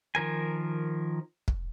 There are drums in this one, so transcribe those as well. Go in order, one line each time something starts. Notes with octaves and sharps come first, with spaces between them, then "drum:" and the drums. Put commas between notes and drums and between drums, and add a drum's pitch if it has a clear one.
D#3 F3 A#4 G#5
drum: kick